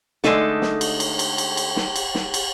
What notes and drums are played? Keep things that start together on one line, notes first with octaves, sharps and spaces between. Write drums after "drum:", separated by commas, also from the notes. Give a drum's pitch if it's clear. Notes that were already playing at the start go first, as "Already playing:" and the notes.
D3 G#3 A3 D#4 A4, drum: snare
drum: snare
drum: cymbal
drum: cymbal
drum: cymbal
drum: cymbal
drum: cymbal
drum: snare
drum: cymbal
drum: snare
drum: cymbal